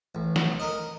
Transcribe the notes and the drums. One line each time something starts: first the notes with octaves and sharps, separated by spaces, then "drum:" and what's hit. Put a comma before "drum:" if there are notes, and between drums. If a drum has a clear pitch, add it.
A1
drum: snare
A#4 D#5